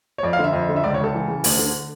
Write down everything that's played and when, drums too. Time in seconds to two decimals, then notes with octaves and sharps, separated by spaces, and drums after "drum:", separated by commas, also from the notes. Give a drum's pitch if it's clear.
0.18 C#5
0.23 F2 D5
0.33 F5
0.39 D3 E5
0.53 F2
0.69 D3
0.76 E5
0.84 C#2 D5
0.94 C#5
0.98 C#2
1.04 A4
1.14 E3
1.28 C#3
1.44 D2, drum: open hi-hat
1.59 D3